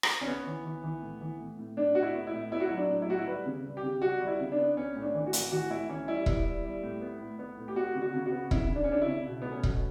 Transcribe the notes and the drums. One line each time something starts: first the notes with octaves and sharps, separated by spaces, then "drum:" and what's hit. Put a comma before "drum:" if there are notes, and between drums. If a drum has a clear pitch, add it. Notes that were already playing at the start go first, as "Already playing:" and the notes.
drum: rim click
C#4
B3
E3
E3
E3
A2
E3
A2
A2
A2 D4
A2 F#4
E4
B3
E4
A2
B3 E4
F#4
F#3 E4
D4
A2
E4
A2 F#4
E4
G3 B4
C#3
G3
G4
C#3
G3 F#4
G3
E4
C#3
D4
B3
B3 C#4
A2
D4
E3
F#4
A2, drum: hi-hat
E3 F#4
A2 E4
E3 C#4
G3 E4
B3 E4, drum: kick E1
G3
G3
A2
B3
A2
B3
A2
G4
B3 F#4
C#3
F#4
C#3
F#4
B3
C#3 E4, drum: kick E1
C#3
D4
C#4
C#3 D4
E4
C#3
B2
A3 B3
C#4
B2, drum: kick E1